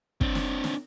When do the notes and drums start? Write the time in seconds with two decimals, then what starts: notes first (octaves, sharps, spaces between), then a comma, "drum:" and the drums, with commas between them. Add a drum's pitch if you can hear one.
0.21 C4 D4, drum: kick
0.35 drum: snare
0.64 drum: snare